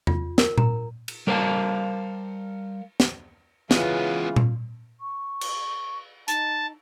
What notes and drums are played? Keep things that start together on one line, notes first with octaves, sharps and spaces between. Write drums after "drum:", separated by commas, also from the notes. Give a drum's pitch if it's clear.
F4, drum: tom E2
A#4, drum: snare
A#5, drum: tom A#2
drum: cymbal
G3 A#4 C5 D5 F5 A5
drum: snare
C#3 E3 G#3 B3 F4, drum: snare
drum: tom A#2
C#6
drum: cymbal
D#4 A5, drum: hi-hat